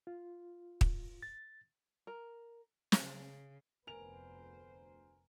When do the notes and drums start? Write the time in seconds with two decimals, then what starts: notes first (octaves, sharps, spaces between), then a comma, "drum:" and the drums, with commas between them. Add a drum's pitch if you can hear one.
0.07 F4
0.81 drum: kick
1.23 A6
2.07 A#4
2.92 drum: snare
3.01 C#3
3.87 F1 D2 B3 A#4 C5 G#5 F7